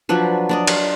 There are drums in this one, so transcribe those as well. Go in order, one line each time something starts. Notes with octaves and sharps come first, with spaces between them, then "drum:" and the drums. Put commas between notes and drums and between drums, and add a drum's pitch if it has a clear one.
F3 F#3 D4 B4
D4 D5 D#5
F#5, drum: cymbal